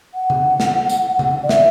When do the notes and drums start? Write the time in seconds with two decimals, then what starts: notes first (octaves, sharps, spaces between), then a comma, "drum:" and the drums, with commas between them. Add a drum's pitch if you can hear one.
0.14 F#5
0.30 drum: tom C#3
0.60 drum: snare
0.89 drum: tambourine
1.19 drum: tom C#3
1.43 D5
1.49 E5, drum: snare